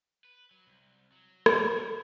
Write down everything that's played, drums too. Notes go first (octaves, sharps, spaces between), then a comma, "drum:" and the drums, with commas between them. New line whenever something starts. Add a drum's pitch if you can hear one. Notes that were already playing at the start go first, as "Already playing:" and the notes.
B4
F#3
C2
F#3
drum: rim click
E4
E4